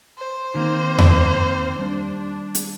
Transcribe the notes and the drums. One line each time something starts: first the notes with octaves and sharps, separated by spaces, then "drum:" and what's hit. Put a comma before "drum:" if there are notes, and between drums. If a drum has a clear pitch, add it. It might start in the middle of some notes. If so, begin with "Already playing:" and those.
C5
D#3 A#3 C4 D#4
drum: tom E2
G3 D4
drum: hi-hat